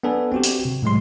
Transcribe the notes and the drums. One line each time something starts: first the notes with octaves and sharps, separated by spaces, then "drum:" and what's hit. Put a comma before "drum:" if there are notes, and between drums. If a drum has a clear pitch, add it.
B3 D4 A4 B4 G#5
C4 F#4 G4
drum: hi-hat
C3
A2 F#3 G#3 C6